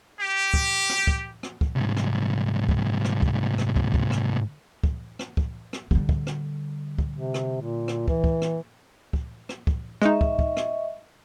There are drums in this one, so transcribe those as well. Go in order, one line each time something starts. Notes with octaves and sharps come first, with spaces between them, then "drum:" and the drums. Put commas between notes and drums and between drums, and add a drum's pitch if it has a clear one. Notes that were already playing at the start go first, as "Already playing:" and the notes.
G4
drum: kick
drum: rim click
drum: kick
drum: rim click
drum: kick
C2 G#2
drum: rim click
drum: kick
drum: rim click
drum: kick
drum: rim click
drum: kick
drum: kick
drum: rim click
drum: kick
drum: rim click
drum: kick
drum: rim click
D3 G3, drum: kick
drum: kick
drum: rim click
drum: kick
C3
drum: rim click
A#2
drum: rim click
E3, drum: kick
drum: kick
drum: rim click
drum: kick
drum: rim click
drum: kick
G#3 D#4 D#5 E5 C#6, drum: rim click
drum: kick
drum: kick
drum: rim click